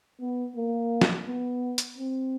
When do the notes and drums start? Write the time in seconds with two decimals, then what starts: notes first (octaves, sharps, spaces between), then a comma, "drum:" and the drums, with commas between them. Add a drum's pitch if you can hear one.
0.21 B3
0.56 A#3
1.01 drum: snare
1.27 B3
1.78 drum: hi-hat
1.98 C4